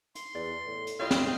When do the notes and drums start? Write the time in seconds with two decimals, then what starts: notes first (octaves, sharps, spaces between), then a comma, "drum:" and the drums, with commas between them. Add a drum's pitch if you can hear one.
0.15 C6, drum: hi-hat
0.35 E2 D5
0.66 A2
0.87 drum: hi-hat
0.99 C2 E4 F4 C#5 D#5 F5 G5
1.11 drum: snare